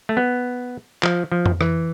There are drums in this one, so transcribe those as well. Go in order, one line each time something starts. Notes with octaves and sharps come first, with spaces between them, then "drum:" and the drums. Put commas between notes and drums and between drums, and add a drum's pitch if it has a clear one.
A3
B3
F3, drum: clap
F3
drum: tom F2
E3, drum: rim click